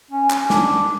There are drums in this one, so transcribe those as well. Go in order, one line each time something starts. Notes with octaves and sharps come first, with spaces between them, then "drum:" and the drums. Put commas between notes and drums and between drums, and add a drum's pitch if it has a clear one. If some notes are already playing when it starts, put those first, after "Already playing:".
C#4
C#4, drum: clap
C#4
D4, drum: snare